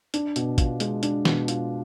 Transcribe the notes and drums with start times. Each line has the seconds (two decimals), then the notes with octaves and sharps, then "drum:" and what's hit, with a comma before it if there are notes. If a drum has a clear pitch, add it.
0.14 D4, drum: hi-hat
0.36 B2, drum: hi-hat
0.58 F4, drum: kick, hi-hat
0.80 G#3, drum: hi-hat
1.03 D4, drum: hi-hat
1.25 B2, drum: snare
1.48 F4, drum: hi-hat